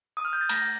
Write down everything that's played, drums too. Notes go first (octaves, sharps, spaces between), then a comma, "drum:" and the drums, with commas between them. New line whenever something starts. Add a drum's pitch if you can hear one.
D#6
F6
G6
A6
A3 A#5 A#6, drum: cymbal